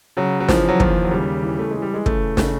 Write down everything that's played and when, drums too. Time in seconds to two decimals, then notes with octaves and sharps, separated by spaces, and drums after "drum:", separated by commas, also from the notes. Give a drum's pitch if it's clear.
0.17 C#3 F#3
0.40 F#3
0.49 E3 F3, drum: snare
0.69 F#3
0.80 D#2 F3, drum: kick
1.04 F#3
1.11 C#3 G3
1.43 E3
1.59 A3
1.71 E3 G#3
1.82 G3
1.94 G#3
2.06 C#3 A3, drum: kick
2.37 C#3, drum: snare